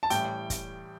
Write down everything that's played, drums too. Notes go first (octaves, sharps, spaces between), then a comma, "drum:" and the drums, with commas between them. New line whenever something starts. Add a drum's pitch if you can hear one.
A5
A1 A2 G3 G5, drum: hi-hat
drum: kick, hi-hat